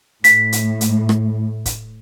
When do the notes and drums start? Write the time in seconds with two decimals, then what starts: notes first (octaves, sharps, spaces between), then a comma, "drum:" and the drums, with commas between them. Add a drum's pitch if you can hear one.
0.24 A2 B6, drum: hi-hat
0.52 drum: hi-hat
0.81 drum: hi-hat
1.09 drum: rim click
1.66 drum: kick, hi-hat